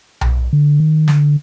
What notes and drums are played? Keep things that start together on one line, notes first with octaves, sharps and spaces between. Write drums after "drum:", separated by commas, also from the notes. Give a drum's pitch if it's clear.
drum: tom B1
D3
D#3
D3, drum: snare